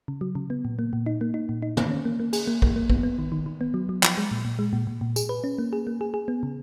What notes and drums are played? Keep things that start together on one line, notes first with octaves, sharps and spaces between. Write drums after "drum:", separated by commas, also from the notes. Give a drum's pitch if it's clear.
C#3
F#3
C#3
B3
A#2
A#3
A#2
D#4
A#3
D#4
A#2
D#4
A#3, drum: tom
C#4
A#3
A#3
G#4, drum: cymbal
A#3
A#3, drum: kick
A#3
B3, drum: kick
B3
D#3
D#3
D#3
B3
F#3
F#3
F3, drum: clap
G#3
A#2
A#2
G#3
A#2
A#2
A#2
G#4, drum: tambourine
B4
C#4
A#3
G#4
A#3
G#4
G#4
B3
C#3